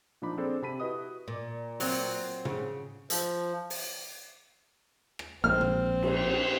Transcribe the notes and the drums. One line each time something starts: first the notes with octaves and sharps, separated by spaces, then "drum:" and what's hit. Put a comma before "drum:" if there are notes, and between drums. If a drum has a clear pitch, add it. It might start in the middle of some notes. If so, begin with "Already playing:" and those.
A#2 F3 D4 D#4 B5 D6
C4 D4 G#4 A4 C5 D5
C3 A5 B5 B6 D#7
E4 F#4 G4 B4 D#5 D#6
A#2
F#3 C4, drum: open hi-hat
C#3, drum: tom
F3, drum: hi-hat
drum: open hi-hat
drum: rim click
A#1 G#3 A#3 C4 F6
drum: tom
drum: cymbal